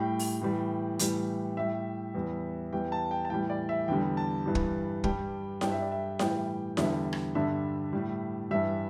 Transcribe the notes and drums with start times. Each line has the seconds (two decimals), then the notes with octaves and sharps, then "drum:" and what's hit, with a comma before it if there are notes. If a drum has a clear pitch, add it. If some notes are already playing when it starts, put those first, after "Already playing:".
Already playing: A2 G3 G5
0.19 drum: open hi-hat
0.41 A2 E3 G3
0.99 A2 E3 G3, drum: hi-hat
1.57 A2 G3 E5
2.14 E2 E3 G3
2.73 E2 E3 G3 G5
2.92 A5
3.11 G5
3.25 A5
3.30 A2 E3 G3 G5
3.50 D5
3.69 E5
3.88 E2 D3 G3 G5
4.17 A5
4.46 G2 E3 G3
4.55 drum: kick
5.04 G2 G3 G5, drum: kick
5.61 G2 G3 G5, drum: snare E4
5.72 E5
5.81 D5
5.92 E5
6.19 A2 E3 G3 G5, drum: snare E4
6.77 E2 D3 G3 E5, drum: snare E4
7.13 drum: rim click
7.35 G2 D3 G3 E5
7.93 A2 G3
8.51 G2 E3 G3 E5